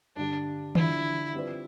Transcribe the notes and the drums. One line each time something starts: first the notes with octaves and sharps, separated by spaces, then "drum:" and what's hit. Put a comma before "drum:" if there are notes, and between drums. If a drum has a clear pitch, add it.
G2 D3 G3 D4
D3 G3 D4 E4 F4, drum: tom D#3
G3 C4 F4 B4 D5